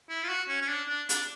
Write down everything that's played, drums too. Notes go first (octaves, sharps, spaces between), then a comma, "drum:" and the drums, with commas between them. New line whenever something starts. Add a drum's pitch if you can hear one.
E4
F4
F#4
C#4
C#4
D4
D4
D4, drum: hi-hat